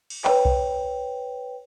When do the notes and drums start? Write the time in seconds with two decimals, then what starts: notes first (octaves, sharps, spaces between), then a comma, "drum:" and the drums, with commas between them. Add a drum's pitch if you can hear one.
0.10 drum: cymbal
0.25 B4 C#5 G5, drum: clap
0.45 drum: kick B1